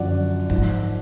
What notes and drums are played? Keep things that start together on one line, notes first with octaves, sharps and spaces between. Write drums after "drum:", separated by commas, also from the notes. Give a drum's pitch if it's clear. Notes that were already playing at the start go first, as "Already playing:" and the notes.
Already playing: F#2 D3 F3 D5 F#5
G#2 F3, drum: kick